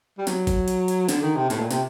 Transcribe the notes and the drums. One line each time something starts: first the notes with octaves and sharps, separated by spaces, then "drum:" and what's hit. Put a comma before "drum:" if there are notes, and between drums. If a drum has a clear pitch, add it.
G3
F#3, drum: snare
drum: kick, hi-hat
drum: hi-hat
drum: hi-hat
D3, drum: snare
D#3
C3
A2, drum: snare
A#2
C3, drum: snare